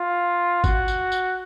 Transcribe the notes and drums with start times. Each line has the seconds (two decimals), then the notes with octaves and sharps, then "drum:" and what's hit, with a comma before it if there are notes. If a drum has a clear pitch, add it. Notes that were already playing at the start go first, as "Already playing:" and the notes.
Already playing: F4
0.64 F#4, drum: kick G1, tambourine
0.88 drum: tambourine
1.12 drum: tambourine